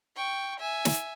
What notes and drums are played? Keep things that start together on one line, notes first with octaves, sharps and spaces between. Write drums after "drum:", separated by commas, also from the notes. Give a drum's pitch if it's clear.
G5 C#6
E5 G#5
drum: snare